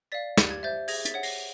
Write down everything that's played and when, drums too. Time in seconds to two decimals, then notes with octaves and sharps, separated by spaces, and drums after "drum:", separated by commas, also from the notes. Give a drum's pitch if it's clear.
0.12 D5 F5 A6 B6
0.37 G4 A6, drum: snare
0.50 G#6
0.63 C5 E5 G6 A6
0.88 G#4 G#6 A#6, drum: open hi-hat
1.05 A6 B6, drum: hi-hat
1.14 C#5 F#5
1.23 A#6 C7, drum: open hi-hat